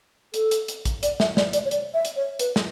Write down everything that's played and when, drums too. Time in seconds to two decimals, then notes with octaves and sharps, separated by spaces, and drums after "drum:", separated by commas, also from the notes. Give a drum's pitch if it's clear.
0.34 A4, drum: hi-hat
0.51 drum: hi-hat
0.68 drum: hi-hat
0.85 drum: kick A1, hi-hat
1.03 D5, drum: hi-hat
1.20 E5, drum: snare
1.37 D5, drum: snare
1.53 D5, drum: hi-hat
1.65 C#5
1.71 D5, drum: hi-hat
1.94 E5
2.05 drum: hi-hat
2.16 C#5
2.39 B4, drum: hi-hat
2.56 drum: snare